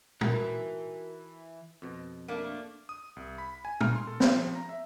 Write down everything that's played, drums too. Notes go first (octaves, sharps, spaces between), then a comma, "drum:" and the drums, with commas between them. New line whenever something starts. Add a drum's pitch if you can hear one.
E3 D#4 F#4 A#4, drum: tom
F2 B2
A3 A#3 D4
D#6
C2
B5
G#5
F6, drum: tom
C6
A4
F4, drum: snare
F3
A#5
E5